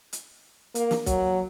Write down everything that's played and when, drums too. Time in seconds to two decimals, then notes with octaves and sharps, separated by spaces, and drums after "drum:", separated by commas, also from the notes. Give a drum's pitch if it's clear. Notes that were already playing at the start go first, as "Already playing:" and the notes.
0.13 drum: hi-hat
0.75 A#3, drum: hi-hat
0.91 drum: snare
1.06 F#3, drum: kick B1, hi-hat